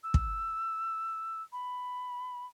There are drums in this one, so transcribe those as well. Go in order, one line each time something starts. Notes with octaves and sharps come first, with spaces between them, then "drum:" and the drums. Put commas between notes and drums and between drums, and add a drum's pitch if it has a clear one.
E6
drum: kick
B5